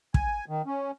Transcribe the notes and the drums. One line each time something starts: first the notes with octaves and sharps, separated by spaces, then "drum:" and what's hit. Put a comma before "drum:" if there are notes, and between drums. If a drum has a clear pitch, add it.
G#5, drum: kick
D#3
C#4